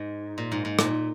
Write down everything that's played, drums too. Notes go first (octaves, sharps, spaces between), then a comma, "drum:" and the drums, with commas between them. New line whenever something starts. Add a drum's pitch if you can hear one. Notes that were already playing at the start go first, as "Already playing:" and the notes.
Already playing: G#2
A#2
G#2
G#2
A#2, drum: rim click